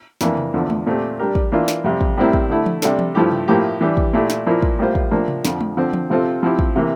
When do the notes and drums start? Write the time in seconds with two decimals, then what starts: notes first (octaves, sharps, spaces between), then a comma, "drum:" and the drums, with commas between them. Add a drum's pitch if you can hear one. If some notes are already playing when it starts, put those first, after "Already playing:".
0.21 F2 E3 A#3 D4, drum: snare
0.37 drum: tom C3
0.54 E2 D3 F3
0.70 drum: tom G#3
0.86 A#2 A3 C4 G4
1.19 G3 D4 G4 A#4
1.35 drum: kick
1.52 E3 A#3 D4 F4
1.68 drum: snare
1.84 F2 C3 G3
2.01 drum: kick
2.17 A2 G3 C4 E4 A#4
2.33 drum: kick
2.49 D3 A3 E4
2.66 drum: tom E3
2.82 C3 G3 D4 A4, drum: snare
2.99 drum: tom E3
3.15 G2 F3 A3 E4 G4
3.32 drum: tom C3
3.48 A2 F3 A#3 E4 G4
3.81 E3 G3 D4 G4
3.97 drum: kick
4.13 A#2 A3 E4 G4
4.30 drum: snare
4.46 A#2 F3 A#3 E4
4.62 drum: kick
4.79 A2 G3 A#3 F4 C5
4.95 drum: kick
5.11 A2 F3 A#3 D4
5.28 drum: tom C3
5.45 F2 D3 F3, drum: snare
5.61 drum: tom G#3
5.77 D3 F3 C4
5.93 drum: tom E3
6.10 C3 F3 C4 F4 A4
6.43 F3 C4 E4 G4
6.59 drum: kick
6.76 C3 E3 A#3